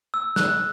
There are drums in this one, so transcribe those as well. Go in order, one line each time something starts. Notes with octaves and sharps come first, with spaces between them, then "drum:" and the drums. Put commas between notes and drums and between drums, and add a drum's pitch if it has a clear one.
E6
F#6, drum: snare